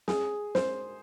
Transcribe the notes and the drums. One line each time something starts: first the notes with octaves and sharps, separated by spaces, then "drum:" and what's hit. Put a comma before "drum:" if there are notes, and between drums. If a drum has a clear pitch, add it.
G#4, drum: snare
C5, drum: snare